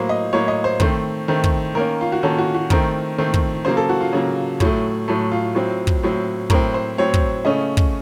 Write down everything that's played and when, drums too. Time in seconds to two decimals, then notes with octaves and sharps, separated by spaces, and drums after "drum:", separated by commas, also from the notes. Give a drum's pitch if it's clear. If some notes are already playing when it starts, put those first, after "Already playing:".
Already playing: A2 F#3 A#3 C5
0.09 D#5
0.33 A2 F#3 A#3 C#5
0.48 D#5
0.64 C5
0.80 D#3 A3 C4 C5, drum: kick
1.28 D#3 A3 C4
1.44 drum: kick
1.75 D#3 A#3 C#4 A#4
2.01 F4
2.12 F#4
2.23 D#3 A#3 C#4 A4
2.38 F#4
2.54 F#4
2.70 D#3 A3 C4 A#4, drum: kick
3.18 D#3 A3 C4
3.34 drum: kick
3.65 C#3 F#3 A#3 C5
3.77 A4
3.89 F#4
4.01 F4
4.13 C#3 F#3 A#3
4.60 A2 F#3 A3, drum: kick
5.08 A2 F#3 A3 A4
5.31 F4
5.55 A2 F#3 C4
5.87 drum: kick
6.03 A2 F#3 C4
6.50 A2 F#3 C4 A#4, drum: kick
6.74 C5
6.98 A2 F#3 C4 C#5
7.14 drum: kick
7.45 C#3 A3 C#4 D#5
7.77 drum: kick